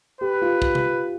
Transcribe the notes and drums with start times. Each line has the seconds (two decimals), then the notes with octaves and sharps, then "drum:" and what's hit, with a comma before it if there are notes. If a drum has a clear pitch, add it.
0.21 G4 B4
0.42 F4
0.62 drum: kick
0.75 drum: tom